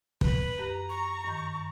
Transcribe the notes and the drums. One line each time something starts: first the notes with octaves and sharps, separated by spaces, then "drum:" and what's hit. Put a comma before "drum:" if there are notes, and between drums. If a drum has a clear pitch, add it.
B4, drum: kick
F#2 G4 A#5
C#6
G2 D#3 G6